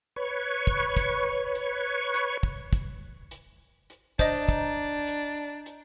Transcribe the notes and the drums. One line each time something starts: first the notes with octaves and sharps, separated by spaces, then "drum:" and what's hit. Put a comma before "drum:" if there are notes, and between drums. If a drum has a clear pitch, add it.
B4 C#5 C#6
drum: kick
drum: kick, hi-hat
drum: hi-hat
drum: hi-hat
drum: kick
drum: kick, hi-hat
drum: hi-hat
drum: hi-hat
D4 D#4 C5 D#5, drum: kick
drum: kick, hi-hat
drum: hi-hat
drum: hi-hat